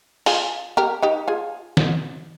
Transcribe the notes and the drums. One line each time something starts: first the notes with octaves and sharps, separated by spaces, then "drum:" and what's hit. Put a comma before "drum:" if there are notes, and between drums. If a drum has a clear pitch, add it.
F4 G#4, drum: open hi-hat
G4 A#4
D#4 G4
F4 G#4
drum: snare